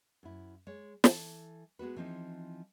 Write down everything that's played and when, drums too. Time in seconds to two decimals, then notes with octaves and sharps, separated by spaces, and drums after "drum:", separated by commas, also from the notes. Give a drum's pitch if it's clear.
0.23 F#2 E4
0.67 G#3 C#5
1.04 E3 A4, drum: snare
1.79 G#3 B3 F#4 B4
1.96 E3 F3 C4 D4 D#4